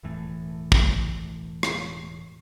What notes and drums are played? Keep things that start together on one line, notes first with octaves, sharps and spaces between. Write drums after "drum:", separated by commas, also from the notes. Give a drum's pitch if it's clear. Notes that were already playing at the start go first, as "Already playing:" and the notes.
E1 A2 E3 A3
drum: kick
drum: rim click